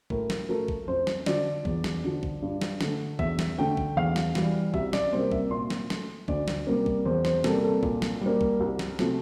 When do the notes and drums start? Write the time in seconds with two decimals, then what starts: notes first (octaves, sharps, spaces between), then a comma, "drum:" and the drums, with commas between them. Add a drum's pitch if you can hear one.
0.10 A2 A#4, drum: kick
0.30 drum: snare
0.49 F3 A3 A#4
0.68 drum: kick
0.88 F2 C5
1.07 drum: snare
1.26 D3 F3 D5, drum: snare
1.65 E2, drum: kick
1.84 drum: snare
2.04 D3 F3
2.23 drum: kick
2.42 G2
2.61 drum: snare
2.81 D3 A3, drum: snare
3.19 E2 E5, drum: kick
3.39 drum: snare
3.58 D3 A3 G5
3.77 drum: kick
3.97 E2 F5
4.16 drum: snare
4.35 E3 G3, drum: snare
4.74 C2 E5, drum: kick
4.93 D5, drum: snare
5.13 C3 G3 A#3 C5
5.32 E5, drum: kick
5.51 A#2 C6
5.70 drum: snare
5.90 A3, drum: snare
6.28 D2 D5, drum: kick
6.48 drum: snare
6.67 C3 G3 A#3
6.86 drum: kick
7.05 E2 C5
7.25 C5, drum: snare
7.44 C3 G3 A#3 A4, drum: snare
7.64 A4
7.83 A#2, drum: kick
8.02 drum: snare
8.21 G3 A#3
8.41 drum: kick
8.60 C2
8.79 drum: snare
8.99 C3 F3 A3, drum: snare